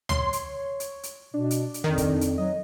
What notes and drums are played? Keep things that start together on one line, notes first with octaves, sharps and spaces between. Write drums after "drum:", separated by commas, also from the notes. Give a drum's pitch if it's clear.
C#5 C6, drum: tom C#2
drum: hi-hat
drum: hi-hat
drum: hi-hat
B2 D4
drum: hi-hat
drum: hi-hat
F2 D#3
drum: kick, hi-hat
drum: hi-hat
F#3 D#5